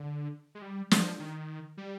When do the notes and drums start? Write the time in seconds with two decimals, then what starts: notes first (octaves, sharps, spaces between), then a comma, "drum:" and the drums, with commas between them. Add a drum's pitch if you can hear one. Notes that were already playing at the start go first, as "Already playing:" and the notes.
Already playing: D3
0.55 G#3
0.62 G3
0.91 F3, drum: snare
1.20 D#3
1.78 G3